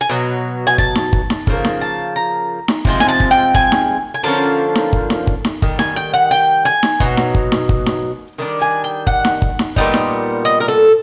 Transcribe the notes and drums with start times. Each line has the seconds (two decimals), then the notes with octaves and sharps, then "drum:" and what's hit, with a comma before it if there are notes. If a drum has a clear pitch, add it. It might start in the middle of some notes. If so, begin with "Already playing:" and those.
0.01 G#5
0.09 B2 F#3
0.67 G#5
0.78 A5, drum: kick G1
0.95 drum: snare D#4
1.13 drum: kick G1
1.30 drum: snare D#4
1.47 C#3 F3 A#3, drum: kick G1
1.65 drum: snare D#4
1.81 A5
2.16 A#5
2.68 drum: snare D#4
2.85 C3 F3 G#3 C4, drum: kick G1
3.00 G#5, drum: snare D#4
3.08 A5
3.20 drum: kick G1
3.31 G5
3.55 G#5, drum: kick G1
3.72 drum: snare D#4
4.14 G#5
4.23 D3 F3 A#3 C#4 A5
4.75 drum: snare D#4
4.93 drum: kick G1
5.10 drum: snare D#4
5.27 drum: kick G1
5.45 drum: snare D#4
5.62 D#3 G3, drum: kick G1
5.79 G#5, drum: snare D#4
5.96 G5
6.14 F#5
6.31 G5
6.65 G#5
6.83 drum: snare D#4
7.00 B2 F#3, drum: kick G1
7.17 drum: snare D#4
7.35 drum: kick G1
7.52 drum: snare D#4
7.69 drum: kick G1
7.86 drum: snare D#4
8.38 D#3 G3 D4
8.62 G#5
8.84 G5
9.07 F#5, drum: kick G1
9.25 drum: snare D#4
9.42 drum: kick G1
9.59 drum: snare D#4
9.76 A#2 G3 B3 D#4, drum: kick G1
9.94 drum: snare D#4
10.45 D#5
10.60 A#4
10.68 A4